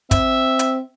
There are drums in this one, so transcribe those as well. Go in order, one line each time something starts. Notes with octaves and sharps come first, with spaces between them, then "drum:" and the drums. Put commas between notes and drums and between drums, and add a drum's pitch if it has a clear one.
C4 E5, drum: kick, hi-hat
drum: hi-hat